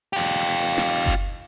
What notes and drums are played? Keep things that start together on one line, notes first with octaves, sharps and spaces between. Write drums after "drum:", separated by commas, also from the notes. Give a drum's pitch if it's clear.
F4 G4
drum: snare
drum: kick F#1